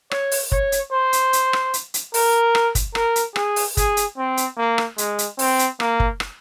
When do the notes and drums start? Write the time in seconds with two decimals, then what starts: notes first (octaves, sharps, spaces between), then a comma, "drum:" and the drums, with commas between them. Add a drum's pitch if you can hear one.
0.11 C#5, drum: rim click
0.31 drum: open hi-hat
0.52 C#5, drum: kick
0.72 drum: hi-hat
0.92 C5
1.13 drum: hi-hat
1.33 drum: hi-hat
1.53 drum: rim click
1.74 drum: hi-hat
1.94 drum: hi-hat
2.14 A#4, drum: open hi-hat
2.55 drum: rim click
2.75 drum: kick, hi-hat
2.95 A#4, drum: rim click
3.16 drum: hi-hat
3.36 G#4, drum: rim click
3.56 drum: open hi-hat
3.77 G#4, drum: kick, hi-hat
3.97 drum: hi-hat
4.18 C4
4.37 drum: hi-hat
4.57 A#3
4.78 drum: rim click
4.98 G#3, drum: hi-hat
5.19 drum: hi-hat
5.39 C4, drum: open hi-hat
5.59 drum: hi-hat
5.80 A#3, drum: rim click
6.00 drum: kick
6.20 drum: rim click